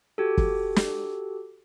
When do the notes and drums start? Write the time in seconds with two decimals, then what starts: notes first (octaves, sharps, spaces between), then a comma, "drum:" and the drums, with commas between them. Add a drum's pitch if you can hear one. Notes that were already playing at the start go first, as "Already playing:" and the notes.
0.18 F#4 G4 A4
0.38 drum: kick F#1
0.76 drum: snare